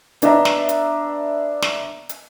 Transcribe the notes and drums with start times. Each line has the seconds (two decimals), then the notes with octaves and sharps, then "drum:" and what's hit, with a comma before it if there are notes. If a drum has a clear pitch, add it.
0.22 B3 D4 D#5 E5 A#5, drum: hi-hat
0.45 drum: snare
0.69 drum: hi-hat
1.62 drum: snare
2.09 drum: hi-hat